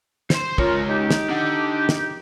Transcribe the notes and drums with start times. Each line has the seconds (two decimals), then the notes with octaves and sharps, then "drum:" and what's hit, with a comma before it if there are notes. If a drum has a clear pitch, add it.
0.30 C5 C6, drum: snare
0.58 C#2 C#4 F4 A#4 C#5, drum: kick
0.89 D#4 G4
1.10 drum: snare
1.30 D4 F#5
1.89 drum: snare